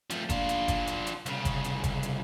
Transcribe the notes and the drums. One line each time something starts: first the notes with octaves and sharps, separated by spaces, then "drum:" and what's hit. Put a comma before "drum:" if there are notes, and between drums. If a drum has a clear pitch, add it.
F3 A3, drum: hi-hat
D4 F4, drum: kick F#1, hi-hat
drum: hi-hat
drum: kick F#1, hi-hat
drum: hi-hat
drum: hi-hat
C2 C#3, drum: hi-hat
drum: kick F#1, hi-hat
drum: hi-hat
drum: kick F#1, hi-hat
drum: hi-hat